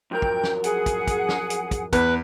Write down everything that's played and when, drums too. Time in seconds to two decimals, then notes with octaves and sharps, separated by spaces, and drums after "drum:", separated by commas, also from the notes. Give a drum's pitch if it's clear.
0.11 F2 F#3 A#4 G5 G6
0.22 drum: kick
0.44 drum: snare
0.64 G#4 F#5, drum: hi-hat
0.86 drum: kick, hi-hat
1.07 drum: kick, hi-hat
1.29 drum: snare
1.50 drum: hi-hat
1.71 drum: kick, hi-hat
1.93 E2 B4, drum: kick, hi-hat